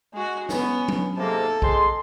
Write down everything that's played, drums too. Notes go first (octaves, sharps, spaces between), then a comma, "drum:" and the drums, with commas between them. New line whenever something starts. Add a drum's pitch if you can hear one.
G#3 F#4
B3 C#4, drum: snare
drum: tom F#3
G#2 C3 A#3 A4
G#3 C6, drum: kick A#1